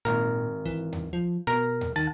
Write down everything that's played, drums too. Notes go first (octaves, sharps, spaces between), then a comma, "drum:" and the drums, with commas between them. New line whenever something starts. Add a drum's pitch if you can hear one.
G#1 A#2 A#4
E3, drum: kick, hi-hat
drum: tom D#2
F3
B2 A#4 A#5
drum: tom D#2
D#3 A5